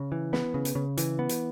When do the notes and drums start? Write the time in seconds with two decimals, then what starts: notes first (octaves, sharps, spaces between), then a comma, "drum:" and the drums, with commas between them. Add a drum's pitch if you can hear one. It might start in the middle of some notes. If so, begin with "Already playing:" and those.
Already playing: C#3
0.12 E3
0.33 B3, drum: snare
0.54 C#3
0.65 drum: hi-hat
0.75 C#3
0.97 E3, drum: hi-hat
1.19 B3
1.29 drum: hi-hat